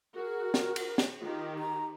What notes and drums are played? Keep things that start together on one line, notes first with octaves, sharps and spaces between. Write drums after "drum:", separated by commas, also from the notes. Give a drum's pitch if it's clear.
F#4 G#4 A#4
drum: snare
drum: cymbal
drum: snare
D#3 F4 G4
A#5